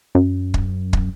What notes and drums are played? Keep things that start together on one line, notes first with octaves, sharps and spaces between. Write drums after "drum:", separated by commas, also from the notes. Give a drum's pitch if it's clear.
F#2
drum: kick
drum: kick